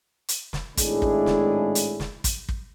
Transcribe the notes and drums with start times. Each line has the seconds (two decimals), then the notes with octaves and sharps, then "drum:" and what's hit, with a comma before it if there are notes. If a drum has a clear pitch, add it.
0.28 drum: hi-hat
0.53 drum: snare
0.77 G#1 A2 G#3 D4 E4 G#4, drum: kick, hi-hat
1.02 drum: kick
1.26 drum: snare
1.75 drum: hi-hat
2.00 drum: snare
2.24 drum: kick, hi-hat
2.49 drum: kick